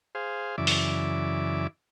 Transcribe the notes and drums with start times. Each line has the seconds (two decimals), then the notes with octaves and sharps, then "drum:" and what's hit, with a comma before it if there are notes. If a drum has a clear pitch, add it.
0.15 G#4 C5 F5
0.58 F#2 C#3 E3 D5 E5 D6
0.67 drum: open hi-hat